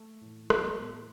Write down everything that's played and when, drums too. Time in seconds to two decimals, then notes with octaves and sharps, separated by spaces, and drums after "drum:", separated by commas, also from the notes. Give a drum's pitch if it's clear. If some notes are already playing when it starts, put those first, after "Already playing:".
Already playing: A3
0.21 A2 E3
0.50 G#3, drum: rim click
0.57 B3
0.64 A3
0.78 A2 E3 B3
0.85 G#3
0.92 A3